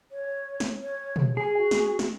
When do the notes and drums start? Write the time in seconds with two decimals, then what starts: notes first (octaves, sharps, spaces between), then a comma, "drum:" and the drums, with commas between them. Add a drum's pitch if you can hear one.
0.12 C#5
0.60 drum: snare
0.82 C#5
1.16 drum: tom
1.37 G#4 G#5
1.57 F#4
1.71 drum: snare
1.99 drum: snare